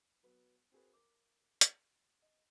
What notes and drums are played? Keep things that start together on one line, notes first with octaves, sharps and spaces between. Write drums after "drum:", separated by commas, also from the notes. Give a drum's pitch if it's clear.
F#3 B3
C4 F#4 G#4 A#4 B4
A#4 D6
drum: hi-hat
D#5